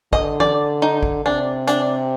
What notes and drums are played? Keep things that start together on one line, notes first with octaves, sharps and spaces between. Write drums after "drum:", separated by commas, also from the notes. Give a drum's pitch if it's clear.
D3 D#5, drum: kick
D5, drum: tom
D#4
drum: kick
C3 D4
D4, drum: hi-hat